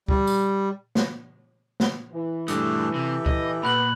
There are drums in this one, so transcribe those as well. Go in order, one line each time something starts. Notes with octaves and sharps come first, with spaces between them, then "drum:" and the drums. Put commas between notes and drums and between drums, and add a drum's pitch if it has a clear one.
G3, drum: kick
drum: tambourine
drum: snare
drum: snare
E3
G2 A3 D4 G4 A4 D#6, drum: hi-hat
C3 G4 A4
D#5, drum: kick
A#2 B3 B5 F#6 F#7